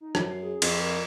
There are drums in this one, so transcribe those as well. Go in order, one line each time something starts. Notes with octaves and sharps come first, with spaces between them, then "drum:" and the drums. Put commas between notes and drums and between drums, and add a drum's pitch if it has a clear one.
D#4
F#2 F3, drum: rim click
C7
G#4
F2, drum: cymbal
A#4